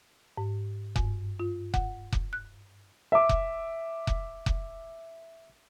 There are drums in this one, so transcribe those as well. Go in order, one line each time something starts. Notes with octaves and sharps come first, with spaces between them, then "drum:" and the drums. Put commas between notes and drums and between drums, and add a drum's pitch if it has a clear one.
G#2
G2, drum: kick F1
F4
F#5, drum: kick F1
drum: kick F1
F#6
E5 D6
drum: kick F1
drum: kick F1
drum: kick F1